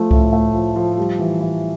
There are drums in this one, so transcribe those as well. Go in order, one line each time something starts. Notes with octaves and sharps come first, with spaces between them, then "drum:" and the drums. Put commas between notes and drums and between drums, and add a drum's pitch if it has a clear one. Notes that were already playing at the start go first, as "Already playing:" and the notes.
Already playing: F3 A3
A2, drum: kick C2
A3
F3
F3
G3
E3
E3